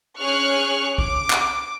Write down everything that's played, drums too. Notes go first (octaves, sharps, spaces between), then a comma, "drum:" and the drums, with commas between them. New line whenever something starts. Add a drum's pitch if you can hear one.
C#4 G#4 C#5 C#6 F6 F#6
D6, drum: kick C2
drum: clap